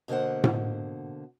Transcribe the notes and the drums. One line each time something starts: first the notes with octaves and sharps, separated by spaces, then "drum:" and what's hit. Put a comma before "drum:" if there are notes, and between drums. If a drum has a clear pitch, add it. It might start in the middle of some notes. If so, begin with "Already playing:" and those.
B2 D3 A#3 C5 F#5
drum: tom A2